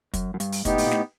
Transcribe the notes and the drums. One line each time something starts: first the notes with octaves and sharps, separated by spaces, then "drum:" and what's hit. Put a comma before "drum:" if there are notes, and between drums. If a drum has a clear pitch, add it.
F#2, drum: kick, hi-hat
F#2
G2, drum: hi-hat
drum: open hi-hat
A2 B3 D#4 G4, drum: kick, hi-hat
A2, drum: open hi-hat
A#2
A2, drum: snare